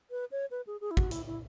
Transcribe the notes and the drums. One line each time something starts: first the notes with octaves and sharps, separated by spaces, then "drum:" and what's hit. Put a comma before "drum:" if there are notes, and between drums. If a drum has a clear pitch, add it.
B4
C#5
B4
G#4
G#4
E4
F#4, drum: kick
E4, drum: hi-hat
E4